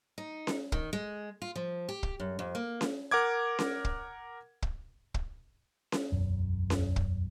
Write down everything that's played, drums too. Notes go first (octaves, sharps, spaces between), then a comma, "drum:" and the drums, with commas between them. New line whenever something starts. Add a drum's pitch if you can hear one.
D#4
drum: snare C#4
D#3, drum: kick
G#3
F4
F3
G4
drum: kick
F#2
F2
A#3
drum: snare C#4
A#4 F#5 D6 G#6
drum: snare C#4
drum: kick
drum: kick
drum: kick
drum: snare C#4
E1 B1 F#2
drum: snare C#4
drum: kick